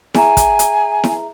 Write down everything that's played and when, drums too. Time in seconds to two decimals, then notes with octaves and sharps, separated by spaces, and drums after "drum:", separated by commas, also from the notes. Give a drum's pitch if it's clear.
0.14 G#4 E5 G#5 A#5, drum: snare E4
0.37 drum: kick, hi-hat
0.59 drum: hi-hat
1.04 drum: snare E4